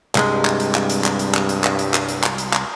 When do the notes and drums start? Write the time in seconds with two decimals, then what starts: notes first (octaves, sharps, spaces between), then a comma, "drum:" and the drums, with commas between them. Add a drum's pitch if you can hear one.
0.15 C2 G2 G#3, drum: clap
0.45 drum: clap
0.60 drum: hi-hat
0.75 drum: clap
0.90 drum: hi-hat
1.04 drum: clap
1.19 drum: hi-hat
1.34 drum: clap
1.49 drum: hi-hat
1.64 drum: clap
1.79 drum: hi-hat
1.94 drum: clap
2.09 drum: hi-hat
2.23 drum: clap
2.38 drum: hi-hat
2.53 drum: clap